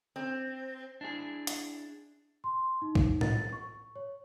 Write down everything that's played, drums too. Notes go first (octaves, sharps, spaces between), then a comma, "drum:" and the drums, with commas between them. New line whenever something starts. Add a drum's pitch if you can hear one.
C4
D4 E4 G#4
drum: hi-hat
C6
D#4
drum: kick
A6, drum: tom A2
C#6
C#5